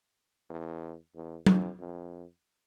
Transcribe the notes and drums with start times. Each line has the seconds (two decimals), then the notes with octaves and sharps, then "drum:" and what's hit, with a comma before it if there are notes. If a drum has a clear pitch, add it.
0.50 E2
1.15 E2
1.46 F2, drum: tom
1.79 F2